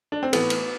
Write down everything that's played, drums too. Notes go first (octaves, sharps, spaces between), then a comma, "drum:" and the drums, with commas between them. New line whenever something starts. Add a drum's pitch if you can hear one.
D4
C4
A2 E3 A3 B3, drum: cymbal
drum: cymbal